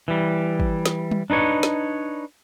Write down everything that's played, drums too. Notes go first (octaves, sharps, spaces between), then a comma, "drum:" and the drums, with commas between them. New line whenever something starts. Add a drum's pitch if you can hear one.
E3 G3
drum: kick
drum: snare
drum: tom G3
D4 D#4 B4 C#5
drum: snare